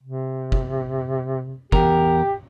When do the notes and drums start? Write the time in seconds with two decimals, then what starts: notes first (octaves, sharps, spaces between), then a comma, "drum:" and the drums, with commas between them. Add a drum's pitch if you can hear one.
0.03 C3
0.52 drum: kick
1.72 E2 G4 A#4, drum: kick